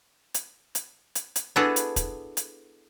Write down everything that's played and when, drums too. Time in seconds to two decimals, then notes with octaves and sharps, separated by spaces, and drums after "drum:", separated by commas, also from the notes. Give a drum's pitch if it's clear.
0.34 drum: hi-hat
0.75 drum: hi-hat
1.15 drum: hi-hat
1.36 drum: hi-hat
1.56 B3 D4 E4 F#4 G#4 A4
1.76 drum: hi-hat
1.96 drum: kick, hi-hat
2.37 drum: hi-hat